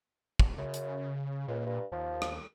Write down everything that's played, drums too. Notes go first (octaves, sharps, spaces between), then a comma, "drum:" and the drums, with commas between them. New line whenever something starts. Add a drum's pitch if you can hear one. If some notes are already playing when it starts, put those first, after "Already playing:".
D1, drum: kick
F#2 C#3
drum: hi-hat
C#2 A#2
G2
D#2 F3
drum: rim click